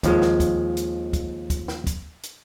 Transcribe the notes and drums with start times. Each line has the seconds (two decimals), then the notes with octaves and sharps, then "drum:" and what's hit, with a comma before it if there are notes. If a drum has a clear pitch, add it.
0.03 D#2 F3 G#3, drum: kick, hi-hat
0.22 drum: snare
0.40 drum: kick, hi-hat
0.77 drum: hi-hat
1.13 drum: kick, hi-hat
1.50 drum: kick, hi-hat
1.68 drum: snare
1.87 drum: kick, hi-hat
2.23 drum: hi-hat